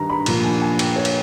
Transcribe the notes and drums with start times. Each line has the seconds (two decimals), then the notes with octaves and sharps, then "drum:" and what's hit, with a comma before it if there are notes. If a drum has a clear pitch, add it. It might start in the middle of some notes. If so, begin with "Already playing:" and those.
Already playing: G2 D#3 G3 A#5
0.10 B5
0.26 A#2 F3 A#3 D4, drum: cymbal
0.44 G#5
0.62 G#5
0.79 G5, drum: cymbal
0.96 C#5
1.05 drum: cymbal